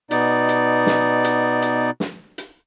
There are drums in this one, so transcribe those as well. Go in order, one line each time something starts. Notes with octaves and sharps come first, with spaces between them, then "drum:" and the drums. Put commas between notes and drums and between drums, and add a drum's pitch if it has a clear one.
B2 B3 D#4 D5, drum: hi-hat
drum: hi-hat
drum: snare
drum: hi-hat
drum: hi-hat
drum: snare
drum: hi-hat